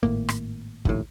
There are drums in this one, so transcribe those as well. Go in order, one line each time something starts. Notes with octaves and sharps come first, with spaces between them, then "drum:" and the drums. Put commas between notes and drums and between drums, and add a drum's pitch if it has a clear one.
G#1 A2 A#3
drum: rim click
A#1 D#2 A2, drum: kick